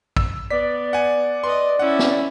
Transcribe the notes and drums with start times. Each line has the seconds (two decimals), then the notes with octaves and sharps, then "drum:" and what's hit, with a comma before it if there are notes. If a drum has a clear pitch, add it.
0.17 E6, drum: kick
0.50 B3 D5 B6
0.93 F#5 G#5
1.44 B4 D#5 C6
1.79 C#4 E4 F#5
1.99 drum: snare